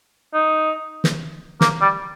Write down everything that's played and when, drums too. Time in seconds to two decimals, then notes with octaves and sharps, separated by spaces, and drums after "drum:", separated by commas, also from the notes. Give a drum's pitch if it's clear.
0.34 D#4
1.04 drum: snare
1.61 A#3, drum: snare
1.81 G3